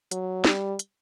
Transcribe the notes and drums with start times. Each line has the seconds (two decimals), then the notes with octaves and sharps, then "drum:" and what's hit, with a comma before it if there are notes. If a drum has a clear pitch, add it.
0.11 F#3, drum: hi-hat
0.44 G3, drum: snare
0.79 drum: hi-hat